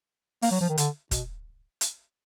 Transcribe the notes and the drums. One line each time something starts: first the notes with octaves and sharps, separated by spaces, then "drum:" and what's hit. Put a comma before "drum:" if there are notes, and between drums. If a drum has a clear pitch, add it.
A#3, drum: open hi-hat
F#3
F3
D#3
D3, drum: hi-hat
B2, drum: kick, hi-hat
drum: hi-hat